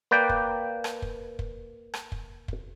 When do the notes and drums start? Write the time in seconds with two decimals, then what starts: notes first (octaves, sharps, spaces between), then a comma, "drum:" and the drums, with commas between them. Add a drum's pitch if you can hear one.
0.11 A#3 B4 D5 G5
0.29 drum: kick
0.84 drum: rim click
1.02 drum: kick
1.39 drum: kick
1.94 drum: rim click
2.12 drum: kick
2.48 drum: kick